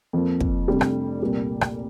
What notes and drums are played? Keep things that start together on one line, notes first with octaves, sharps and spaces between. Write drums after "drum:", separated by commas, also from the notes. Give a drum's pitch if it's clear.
F2 F3 A#3
drum: kick
F1 F2 C3 G3 D4
drum: rim click
C2 A#2 G3 A#3
drum: rim click